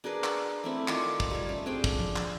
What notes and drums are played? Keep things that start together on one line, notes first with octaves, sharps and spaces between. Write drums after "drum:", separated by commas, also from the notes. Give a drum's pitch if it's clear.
D4 G#4 A#4 B4
drum: clap
A3 C4 E4
D#3 F4 D5 G5, drum: clap
drum: kick
G3 F4 C#5
A3 C#4
C4 D4 G#4 G5
drum: kick
drum: tom F3
drum: clap